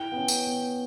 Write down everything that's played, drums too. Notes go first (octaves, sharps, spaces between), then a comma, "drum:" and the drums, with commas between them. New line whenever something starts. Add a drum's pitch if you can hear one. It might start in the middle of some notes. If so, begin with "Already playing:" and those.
Already playing: E4 G5
B3
C#4
drum: tambourine
B3